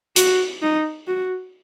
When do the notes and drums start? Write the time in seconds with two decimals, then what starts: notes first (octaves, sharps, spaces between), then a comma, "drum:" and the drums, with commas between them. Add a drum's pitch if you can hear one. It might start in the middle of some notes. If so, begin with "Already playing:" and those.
0.16 F#4, drum: hi-hat
0.62 D#4
1.07 F#4